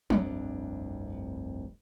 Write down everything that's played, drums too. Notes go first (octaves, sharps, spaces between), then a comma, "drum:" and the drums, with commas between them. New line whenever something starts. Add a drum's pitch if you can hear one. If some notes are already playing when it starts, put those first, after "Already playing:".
F1 C2 G2 D4, drum: tom F3